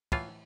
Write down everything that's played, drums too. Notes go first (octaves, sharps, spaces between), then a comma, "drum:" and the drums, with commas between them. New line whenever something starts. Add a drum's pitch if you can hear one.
A2 E3 F4, drum: kick, cymbal